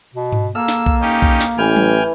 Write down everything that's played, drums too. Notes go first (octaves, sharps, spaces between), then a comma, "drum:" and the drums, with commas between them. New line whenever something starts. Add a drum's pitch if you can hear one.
B2
drum: tom G2
A#3 A4 F5 E6
drum: snare
drum: kick B1
C#4 D#4 G4
drum: kick B1
drum: snare
A1 E3 G5 G#5 F6
drum: tom F#3